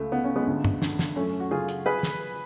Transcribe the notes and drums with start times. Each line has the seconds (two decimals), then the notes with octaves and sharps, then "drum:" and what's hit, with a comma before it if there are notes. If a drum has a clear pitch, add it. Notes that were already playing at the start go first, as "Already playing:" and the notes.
Already playing: C#2 A3
0.12 C#3 B3
0.24 C#4
0.36 G#3 B3
0.47 D2
0.65 drum: tom G2
0.82 D3, drum: snare
0.99 drum: snare
1.16 F#2 A3 C#4
1.40 F#4
1.51 C#3 F4 G#4
1.68 drum: hi-hat
1.86 G#4 B4
2.03 drum: snare